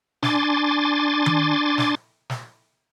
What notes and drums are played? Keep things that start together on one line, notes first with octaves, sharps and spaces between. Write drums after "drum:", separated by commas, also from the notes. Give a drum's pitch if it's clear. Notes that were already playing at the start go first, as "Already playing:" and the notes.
D4 G#5 C6 D6 A6, drum: snare
drum: tom D#3
drum: snare
drum: snare